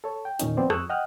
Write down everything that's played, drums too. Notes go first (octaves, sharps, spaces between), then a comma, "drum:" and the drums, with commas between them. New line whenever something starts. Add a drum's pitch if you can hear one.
A4 C#5
G5
E2 A#2 D#3 C#4 D#4, drum: hi-hat
F3 B3 C4 C5 D5
F2 C#6 D#6 E6 F#6, drum: rim click
D#5 F#5 G5 D#6 F6 F#6